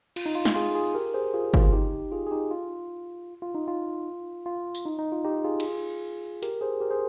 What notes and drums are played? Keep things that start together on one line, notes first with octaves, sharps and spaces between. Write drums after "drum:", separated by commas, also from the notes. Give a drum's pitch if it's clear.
F4, drum: cymbal
D#4
F4
drum: snare
F4 G#4
F4 G#4
G4 A#4
G#4 C5
F4 G#4
F4, drum: kick
D#4 G4
F4 G#4
G#4
D#4 G4
F4
F4
D#4
F4
F4
drum: tambourine
D#4
D#4
F4
D#4 G4
F4 G#4
drum: cymbal
G4 A#4, drum: hi-hat
G#4 C5
G4 A#4
G#4 C5